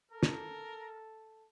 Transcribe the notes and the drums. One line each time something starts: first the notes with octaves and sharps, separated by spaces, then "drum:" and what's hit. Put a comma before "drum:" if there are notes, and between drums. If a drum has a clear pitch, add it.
A4 A#4
drum: snare